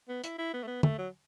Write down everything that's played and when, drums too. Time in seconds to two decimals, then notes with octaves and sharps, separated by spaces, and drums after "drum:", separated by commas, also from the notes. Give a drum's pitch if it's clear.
0.09 B3
0.24 E4, drum: hi-hat
0.39 E4
0.54 B3
0.63 A3
0.67 B3
0.83 A3, drum: tom
0.98 F#3